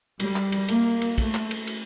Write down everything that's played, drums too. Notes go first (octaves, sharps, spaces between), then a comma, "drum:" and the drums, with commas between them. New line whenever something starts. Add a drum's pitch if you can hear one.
G3, drum: cymbal
drum: clap
drum: cymbal
A#3, drum: cymbal
drum: cymbal
A3, drum: kick, cymbal
drum: clap
drum: cymbal
drum: cymbal